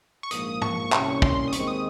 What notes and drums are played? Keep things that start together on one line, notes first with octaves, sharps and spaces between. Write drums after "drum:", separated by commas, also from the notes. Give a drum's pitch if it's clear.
C#6
A#1 G#2 F3 A#3 D#6, drum: hi-hat
C#6, drum: tom
C2 A#2 G3 C#4, drum: clap
C6, drum: kick
D#6
D#2 D#3 G#3 C4 C#6, drum: hi-hat
D#6